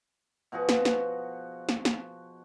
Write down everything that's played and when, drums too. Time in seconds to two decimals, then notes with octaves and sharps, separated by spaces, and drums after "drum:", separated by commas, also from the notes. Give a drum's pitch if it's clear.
0.52 B2 F3 F#4 G#4
0.69 drum: snare
0.85 drum: snare
1.69 drum: snare
1.85 drum: snare